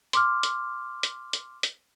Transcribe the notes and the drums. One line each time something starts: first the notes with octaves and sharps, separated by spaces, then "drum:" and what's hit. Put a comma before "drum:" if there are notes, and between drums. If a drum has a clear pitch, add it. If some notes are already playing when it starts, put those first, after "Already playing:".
C6 D6 F6, drum: hi-hat
drum: hi-hat
drum: hi-hat
drum: hi-hat
drum: hi-hat